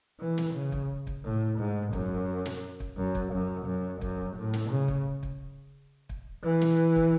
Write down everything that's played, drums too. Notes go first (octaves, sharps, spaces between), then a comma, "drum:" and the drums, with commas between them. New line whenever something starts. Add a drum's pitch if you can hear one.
E3
drum: snare
C#3
drum: kick
drum: kick
A2
G#2
F#2, drum: kick
drum: snare
drum: kick
F#2
drum: kick
F#2
F#2
F#2, drum: kick
A2
drum: snare
C#3
drum: kick
drum: kick
drum: kick
E3
drum: snare
drum: kick